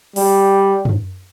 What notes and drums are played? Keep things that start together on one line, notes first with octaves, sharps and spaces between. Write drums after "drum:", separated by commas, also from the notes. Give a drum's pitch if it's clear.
G3, drum: open hi-hat
drum: tom F#2